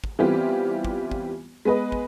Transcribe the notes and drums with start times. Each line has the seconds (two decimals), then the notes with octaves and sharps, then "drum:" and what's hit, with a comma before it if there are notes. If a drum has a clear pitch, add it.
0.04 drum: kick
0.19 E3 G3 B3 C4 F4 G4
0.84 drum: kick
1.11 drum: kick
1.65 G#3 B3 B4 D#5
1.92 drum: kick